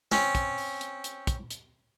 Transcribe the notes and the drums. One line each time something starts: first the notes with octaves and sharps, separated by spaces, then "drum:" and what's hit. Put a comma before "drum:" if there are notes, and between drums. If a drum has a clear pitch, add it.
C4 C#4, drum: snare
drum: kick, hi-hat
drum: open hi-hat
drum: hi-hat
drum: hi-hat
drum: kick, hi-hat
drum: hi-hat